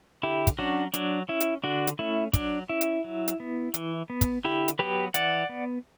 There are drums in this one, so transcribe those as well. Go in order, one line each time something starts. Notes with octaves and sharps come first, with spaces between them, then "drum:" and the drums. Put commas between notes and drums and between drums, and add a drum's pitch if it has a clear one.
D3 E4 G4
drum: kick, hi-hat
F#3 C#4 D4 F#4
F#3 D4, drum: hi-hat
C#4 E4
drum: hi-hat
D3 D4 F#4
drum: hi-hat
A3 C#4 E4
F#3 D4, drum: kick, hi-hat
C#4 E4
drum: hi-hat
F#3
drum: hi-hat
B3
E3, drum: hi-hat
B3
drum: kick, hi-hat
D3 E4 G4
drum: hi-hat
F#3 B3 G4 B4
E3 D5 F#5, drum: hi-hat
B3